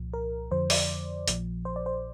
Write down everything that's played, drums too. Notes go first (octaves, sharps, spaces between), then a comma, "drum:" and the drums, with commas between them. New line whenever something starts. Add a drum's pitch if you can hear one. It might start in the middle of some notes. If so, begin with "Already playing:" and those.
Already playing: C2 A#2 F3
A#4
F2 D3 F3 C5
D5, drum: open hi-hat
A#1 A#2 F3, drum: hi-hat
C5
D5
C5